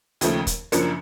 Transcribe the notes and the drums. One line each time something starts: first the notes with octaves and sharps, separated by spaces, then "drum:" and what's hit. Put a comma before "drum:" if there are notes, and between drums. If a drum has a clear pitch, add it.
D#2 C#3 F3 A3, drum: hi-hat
drum: kick, hi-hat
F#2 C#3 F3 A#3 D4 C#7, drum: hi-hat